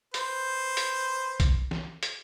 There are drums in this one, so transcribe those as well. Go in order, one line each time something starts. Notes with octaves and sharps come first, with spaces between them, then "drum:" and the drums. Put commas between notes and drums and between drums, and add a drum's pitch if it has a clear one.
B4 C5, drum: hi-hat
drum: hi-hat
drum: kick B1, hi-hat
drum: snare
drum: hi-hat